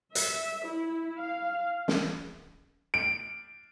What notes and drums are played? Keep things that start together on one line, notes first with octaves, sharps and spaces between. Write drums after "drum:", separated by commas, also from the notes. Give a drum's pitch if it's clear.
E5, drum: hi-hat
E4
F5
drum: snare
D7